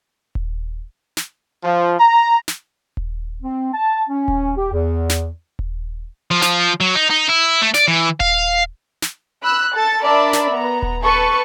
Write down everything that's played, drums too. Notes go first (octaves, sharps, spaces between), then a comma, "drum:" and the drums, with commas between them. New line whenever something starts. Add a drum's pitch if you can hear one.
drum: kick D#1
drum: snare
F3
A#5
drum: snare
drum: kick D#1
C4
A5
C#4
drum: kick D#1
G4
E2
drum: snare
drum: kick D#1
F3
F3, drum: snare
F#3
D#4
D#4
E4
A3
D5, drum: snare
E3
F5, drum: kick D#1
drum: snare
B5 E6 F#6
A4 A5 A6
D4 A#4 D5 E5 A5 B5
drum: snare
B3 A#5
drum: kick D#1
A4 B4 C#6